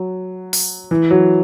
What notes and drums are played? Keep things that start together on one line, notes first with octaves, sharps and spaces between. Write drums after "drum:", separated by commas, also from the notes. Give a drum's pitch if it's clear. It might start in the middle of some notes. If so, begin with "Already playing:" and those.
Already playing: F#3
drum: open hi-hat
E3
F#3